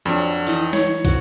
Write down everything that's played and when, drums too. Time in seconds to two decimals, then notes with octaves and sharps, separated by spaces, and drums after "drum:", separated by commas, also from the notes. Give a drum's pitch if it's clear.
0.05 F2 F#3 D4
0.47 E3 D#4 D#5, drum: hi-hat
0.73 C#5, drum: snare
1.05 C4 F#4 A4, drum: kick, hi-hat